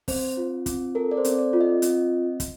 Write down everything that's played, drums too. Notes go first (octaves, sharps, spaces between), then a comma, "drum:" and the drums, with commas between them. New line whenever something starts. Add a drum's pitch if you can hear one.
C4 C5, drum: kick, open hi-hat
F4
C4, drum: kick, hi-hat
A4 A#4
D5
C5
C4, drum: hi-hat
D5
F4
D#5
C4 D#5, drum: hi-hat
drum: kick, hi-hat